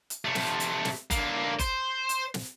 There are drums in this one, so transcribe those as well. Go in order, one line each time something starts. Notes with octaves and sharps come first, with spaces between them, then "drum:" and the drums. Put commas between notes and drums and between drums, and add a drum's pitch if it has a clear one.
drum: hi-hat
C3 A3
drum: snare
drum: hi-hat
drum: snare
D3 A#3, drum: kick F#1, hi-hat
C5, drum: kick F#1, hi-hat
drum: hi-hat
drum: snare